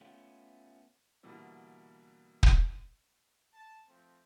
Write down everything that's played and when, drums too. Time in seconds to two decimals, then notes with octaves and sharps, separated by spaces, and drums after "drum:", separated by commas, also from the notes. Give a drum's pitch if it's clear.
0.01 A3 B3 C#4 F4
1.23 B2 D3 E3 G3 A#3
2.43 drum: kick
3.53 A5
3.88 F3 A3 C4